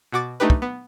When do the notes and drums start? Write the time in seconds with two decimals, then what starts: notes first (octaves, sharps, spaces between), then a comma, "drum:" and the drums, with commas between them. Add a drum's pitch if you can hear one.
0.12 B2 F#4 D6 A6
0.40 A3 D4 D#4 G4 B4
0.50 drum: kick
0.62 B3